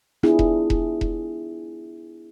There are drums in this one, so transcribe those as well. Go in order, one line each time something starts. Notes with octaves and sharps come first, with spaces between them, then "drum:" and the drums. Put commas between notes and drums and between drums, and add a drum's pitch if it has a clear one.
B3 D4 E4 F4 G#4, drum: rim click
drum: kick E1
drum: kick E1
drum: kick E1